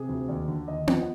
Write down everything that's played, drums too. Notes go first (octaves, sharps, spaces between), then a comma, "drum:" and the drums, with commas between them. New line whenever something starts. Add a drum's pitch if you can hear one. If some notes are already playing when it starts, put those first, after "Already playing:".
Already playing: C3 G#4
D2
D#2 D5
D3
D#2 D#5
F3, drum: tom B3